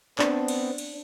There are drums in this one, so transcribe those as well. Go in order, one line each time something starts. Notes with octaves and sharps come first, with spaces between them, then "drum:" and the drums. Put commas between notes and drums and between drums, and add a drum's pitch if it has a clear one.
B3 C4 D4, drum: clap
drum: cymbal
drum: cymbal